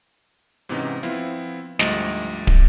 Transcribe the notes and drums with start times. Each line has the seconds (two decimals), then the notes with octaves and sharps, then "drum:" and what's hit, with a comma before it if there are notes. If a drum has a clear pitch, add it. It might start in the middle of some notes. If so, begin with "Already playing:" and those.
0.69 G#2 C3 E3 B3 C#4 D#4
1.03 F3 B3 C4 E4 F4
1.79 D2 G#2 F3 G3 A3 D#5, drum: snare
2.47 drum: kick